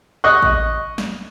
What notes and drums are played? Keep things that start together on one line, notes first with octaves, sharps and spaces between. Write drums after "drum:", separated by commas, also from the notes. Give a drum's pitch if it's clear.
D#5 C#6 F#6
drum: kick A1
drum: snare